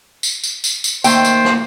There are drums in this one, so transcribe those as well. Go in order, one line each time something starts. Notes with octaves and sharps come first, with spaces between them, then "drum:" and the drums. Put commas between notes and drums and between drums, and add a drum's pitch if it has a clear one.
drum: tambourine
drum: tambourine
drum: tambourine
drum: tambourine
D#3 A3 A#3 C5 G5, drum: tambourine
drum: tambourine
drum: rim click